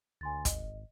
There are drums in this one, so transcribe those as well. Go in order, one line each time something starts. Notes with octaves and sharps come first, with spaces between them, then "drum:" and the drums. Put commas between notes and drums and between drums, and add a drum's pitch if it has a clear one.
D2 G#5 C6 A6
G#1 D#5, drum: kick, hi-hat